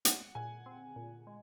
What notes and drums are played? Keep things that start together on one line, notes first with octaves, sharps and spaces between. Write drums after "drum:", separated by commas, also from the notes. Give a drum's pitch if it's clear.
G#3 F#5, drum: hi-hat
A#2 G#5
C4
A#2
G#3